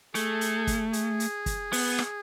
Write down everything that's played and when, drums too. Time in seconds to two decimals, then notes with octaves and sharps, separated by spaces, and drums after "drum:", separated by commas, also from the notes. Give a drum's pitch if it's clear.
0.15 A3 G#4, drum: hi-hat
0.41 drum: hi-hat
0.67 drum: kick, hi-hat
0.93 G#4, drum: hi-hat
1.20 drum: hi-hat
1.46 drum: kick, hi-hat
1.73 B3, drum: open hi-hat
1.99 drum: rim click